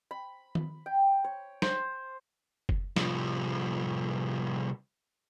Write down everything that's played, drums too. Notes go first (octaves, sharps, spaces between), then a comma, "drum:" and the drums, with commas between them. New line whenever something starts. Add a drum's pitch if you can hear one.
B5
drum: tom D#3
G5
C#5
C5, drum: snare
drum: kick F#1
C2 F3, drum: snare